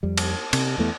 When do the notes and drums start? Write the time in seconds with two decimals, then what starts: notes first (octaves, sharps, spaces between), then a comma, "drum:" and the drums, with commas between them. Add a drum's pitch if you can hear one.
0.03 F2 G3
0.18 drum: cymbal
0.53 C3, drum: cymbal
0.78 E2 E3 A3 B3